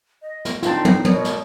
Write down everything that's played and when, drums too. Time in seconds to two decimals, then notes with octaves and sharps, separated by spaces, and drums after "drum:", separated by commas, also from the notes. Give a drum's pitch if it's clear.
0.22 D#5
0.45 drum: snare
0.63 G#2 D3 C4 D#4 F4 A5, drum: snare
0.85 drum: tom
1.05 B2 A#4 C#5 D5 D#6, drum: tom
1.25 drum: snare